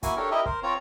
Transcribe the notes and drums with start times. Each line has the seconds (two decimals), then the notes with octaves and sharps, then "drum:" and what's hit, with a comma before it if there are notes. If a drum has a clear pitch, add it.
0.03 A#3 E4 F#4 G#5, drum: kick, hi-hat
0.17 D4 G4 A4 A#4 C#5
0.31 E4 G4 A#4 D#5 E5
0.46 A#4 C5, drum: kick
0.63 C4 F4 C#5 A#5